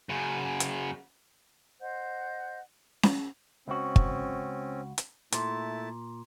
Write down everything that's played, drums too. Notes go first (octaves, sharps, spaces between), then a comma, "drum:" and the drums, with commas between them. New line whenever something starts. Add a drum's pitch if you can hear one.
F#2 C#3
drum: hi-hat
C5 D#5 F#5 G6
drum: snare C#4
C#2 C4 C#4 F#4
drum: kick
drum: hi-hat
A#2 A3 E4 A5, drum: hi-hat